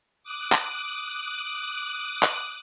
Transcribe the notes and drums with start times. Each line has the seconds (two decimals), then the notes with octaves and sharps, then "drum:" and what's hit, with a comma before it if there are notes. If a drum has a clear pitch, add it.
0.23 D6 D#6 F#6
0.52 drum: clap
2.22 drum: clap